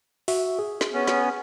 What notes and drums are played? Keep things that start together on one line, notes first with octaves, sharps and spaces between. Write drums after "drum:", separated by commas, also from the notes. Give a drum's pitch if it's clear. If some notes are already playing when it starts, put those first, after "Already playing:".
F#4 E5, drum: open hi-hat
G#4
drum: snare
B3 C#4
drum: snare